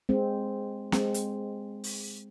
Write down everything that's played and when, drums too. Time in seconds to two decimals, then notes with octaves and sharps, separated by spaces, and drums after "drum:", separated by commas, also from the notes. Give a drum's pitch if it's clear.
0.09 G#3 C4
0.92 G#3 C4, drum: snare
1.14 drum: hi-hat
1.84 drum: open hi-hat